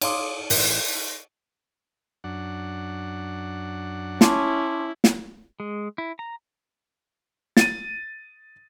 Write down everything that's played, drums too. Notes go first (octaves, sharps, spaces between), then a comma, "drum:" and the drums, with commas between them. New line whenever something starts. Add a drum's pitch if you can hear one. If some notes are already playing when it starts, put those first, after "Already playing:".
C#5 F5 C6 D6 D#6, drum: cymbal
A1, drum: open hi-hat
F#2 D4 F#5
C#4 E4 A5 C6 D6, drum: snare
drum: snare
G#3
E4
A#5
A6 D#7, drum: snare